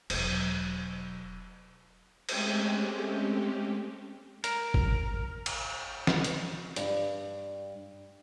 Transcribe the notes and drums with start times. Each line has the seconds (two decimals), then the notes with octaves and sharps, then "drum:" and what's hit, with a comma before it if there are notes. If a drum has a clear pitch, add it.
0.10 E1 F#3, drum: cymbal
2.29 G#3 A3 C4 C#4 G4, drum: cymbal
4.44 A#4, drum: hi-hat
4.74 drum: kick G#1
5.46 drum: cymbal
6.07 drum: snare
6.24 drum: hi-hat
6.76 G2, drum: hi-hat